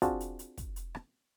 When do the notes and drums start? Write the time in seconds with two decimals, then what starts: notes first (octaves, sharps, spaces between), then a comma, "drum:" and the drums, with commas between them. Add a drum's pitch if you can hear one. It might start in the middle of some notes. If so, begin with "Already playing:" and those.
0.02 C4 D4 F4 F#4 G#4 A5, drum: kick, hi-hat
0.20 drum: hi-hat
0.39 drum: hi-hat
0.58 drum: kick, hi-hat
0.76 drum: hi-hat
0.95 drum: rim click